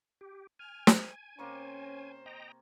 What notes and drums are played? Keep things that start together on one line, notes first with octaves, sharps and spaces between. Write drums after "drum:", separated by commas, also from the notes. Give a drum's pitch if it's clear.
G4
G#5 F6
drum: snare
C3 A#3 C#4 C5 C#6
D#5 G5 A#5